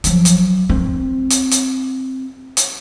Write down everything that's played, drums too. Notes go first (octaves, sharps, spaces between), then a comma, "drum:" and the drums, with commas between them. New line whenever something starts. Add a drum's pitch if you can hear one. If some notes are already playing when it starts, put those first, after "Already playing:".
F3 F#3, drum: hi-hat
drum: hi-hat
C4
drum: hi-hat
drum: hi-hat
drum: hi-hat